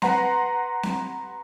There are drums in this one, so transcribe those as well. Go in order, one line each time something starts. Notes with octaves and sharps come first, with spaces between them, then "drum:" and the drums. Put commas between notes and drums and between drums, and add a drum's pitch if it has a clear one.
B4 F#5 A#5 C6, drum: snare C4
drum: snare C4